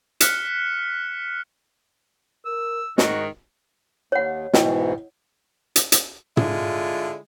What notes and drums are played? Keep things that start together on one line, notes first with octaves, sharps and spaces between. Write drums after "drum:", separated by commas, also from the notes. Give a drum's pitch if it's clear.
F6 F#6 B6 C#7 E7, drum: hi-hat
A#4 E6
G#2 D#3 D#4 F#4, drum: snare
D#2 C#5 F#5
G#2 B2 E3 E4 D#5 G5, drum: snare
drum: hi-hat
drum: hi-hat
D3 G#3 E4 F4, drum: tom